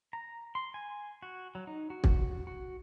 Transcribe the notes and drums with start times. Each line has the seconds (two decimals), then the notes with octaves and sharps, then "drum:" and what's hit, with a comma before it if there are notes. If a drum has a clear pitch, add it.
0.13 A#5
0.55 C6
0.74 G#5
1.23 F#4
1.55 F#3
1.67 D#4
1.90 F#4
2.04 drum: kick
2.47 F#4